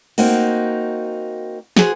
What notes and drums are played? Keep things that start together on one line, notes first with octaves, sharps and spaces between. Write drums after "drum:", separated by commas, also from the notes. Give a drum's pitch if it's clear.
A#3 C4 D#4 F#4, drum: open hi-hat
F#4 G#4 C5, drum: snare